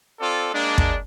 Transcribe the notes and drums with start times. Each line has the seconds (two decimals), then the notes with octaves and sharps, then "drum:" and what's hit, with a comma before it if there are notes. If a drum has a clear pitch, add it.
0.21 C4 F4 A4 D5
0.54 G#3 A#3 D4
0.78 drum: kick